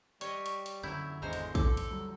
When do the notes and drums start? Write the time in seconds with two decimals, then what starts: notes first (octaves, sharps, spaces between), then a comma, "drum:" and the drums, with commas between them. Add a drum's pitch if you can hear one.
0.21 G3 C#5 D#5 C#6, drum: hi-hat
0.46 C#6, drum: hi-hat
0.66 drum: hi-hat
0.84 F#2 D3 F#3 E4 G6
1.22 G#1 E2 D3 E3 G#3 C5 A#5
1.33 drum: hi-hat
1.55 A4 D6, drum: kick, hi-hat
1.77 drum: hi-hat
1.91 F#3 G3